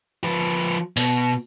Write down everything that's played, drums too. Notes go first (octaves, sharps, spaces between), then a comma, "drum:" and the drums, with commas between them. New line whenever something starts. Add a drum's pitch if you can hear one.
F3 B4
B2, drum: open hi-hat